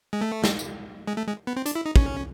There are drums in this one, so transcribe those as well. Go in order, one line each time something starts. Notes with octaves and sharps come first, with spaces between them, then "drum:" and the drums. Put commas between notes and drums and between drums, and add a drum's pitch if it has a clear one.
G#3
A3
drum: snare
drum: tambourine
G#3
A3
G#3
B3
C4
D4, drum: hi-hat
E4
D#4
C#4, drum: kick